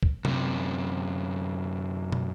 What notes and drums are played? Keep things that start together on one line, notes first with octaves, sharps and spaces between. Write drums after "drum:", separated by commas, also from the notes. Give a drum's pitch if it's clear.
drum: kick
F#2 C3, drum: tom C3
drum: tom